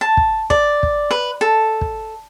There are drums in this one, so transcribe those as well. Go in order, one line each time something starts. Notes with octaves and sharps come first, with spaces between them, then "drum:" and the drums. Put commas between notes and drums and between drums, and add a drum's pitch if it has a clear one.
A5
drum: kick
D5, drum: kick
drum: kick
B4
A4
drum: kick